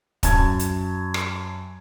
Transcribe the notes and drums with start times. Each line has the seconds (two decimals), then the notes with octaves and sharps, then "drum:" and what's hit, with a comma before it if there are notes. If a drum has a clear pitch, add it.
0.23 F#2 A5 G#6, drum: kick, hi-hat
0.59 drum: hi-hat
1.14 drum: rim click